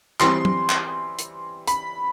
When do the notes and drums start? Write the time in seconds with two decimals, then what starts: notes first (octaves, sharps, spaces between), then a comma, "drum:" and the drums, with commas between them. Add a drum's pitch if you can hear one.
0.20 E3 G3 C4 C6, drum: clap
0.45 drum: tom F#3
0.70 drum: clap
1.19 drum: hi-hat
1.68 B5, drum: hi-hat